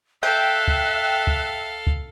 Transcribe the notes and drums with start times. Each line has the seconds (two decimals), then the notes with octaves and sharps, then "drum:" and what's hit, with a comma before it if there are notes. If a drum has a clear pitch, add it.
0.23 A4 E5 F5 G5 F#6
0.68 drum: kick
1.27 drum: kick
1.87 drum: kick